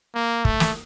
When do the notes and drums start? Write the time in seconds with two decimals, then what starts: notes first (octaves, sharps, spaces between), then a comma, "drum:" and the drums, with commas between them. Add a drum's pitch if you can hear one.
0.15 A#3
0.45 A3, drum: kick
0.60 drum: snare